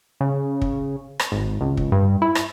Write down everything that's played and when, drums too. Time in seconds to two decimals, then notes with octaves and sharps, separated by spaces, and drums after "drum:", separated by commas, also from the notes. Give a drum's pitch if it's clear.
0.21 C#3
0.62 drum: kick
1.19 drum: rim click
1.32 G#1
1.61 C#2
1.77 drum: kick
1.92 G2
2.22 E4
2.35 drum: rim click